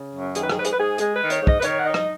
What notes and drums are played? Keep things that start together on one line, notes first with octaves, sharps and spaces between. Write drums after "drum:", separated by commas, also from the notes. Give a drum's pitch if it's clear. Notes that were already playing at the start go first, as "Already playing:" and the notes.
Already playing: C#3
F#2
D#3 G#4, drum: hi-hat
B4
G#4, drum: rim click
G#2 B4
G#4, drum: hi-hat
B4
G#2 G#4
G#3 G#4, drum: hi-hat
B4
D#3
C#5, drum: hi-hat
G#2
D#5, drum: kick
B4
D#3 C#5, drum: hi-hat
F#5
D#4
C#5
D#5, drum: rim click